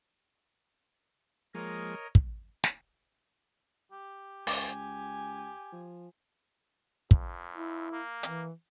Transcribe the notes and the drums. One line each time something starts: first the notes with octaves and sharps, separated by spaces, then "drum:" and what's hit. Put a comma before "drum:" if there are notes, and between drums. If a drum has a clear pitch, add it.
F3 G#3 A#3 A#4 C#5 D#5
drum: kick
drum: snare
G4
C#2 G#5, drum: open hi-hat
F3
F2, drum: kick
E4
A#3
E3, drum: hi-hat